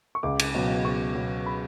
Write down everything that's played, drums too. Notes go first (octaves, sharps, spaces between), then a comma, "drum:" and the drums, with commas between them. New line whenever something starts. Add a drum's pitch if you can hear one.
C#6
C#2 D6
drum: cymbal
B2 F#3
C#2 C#6
B2 F#3
B5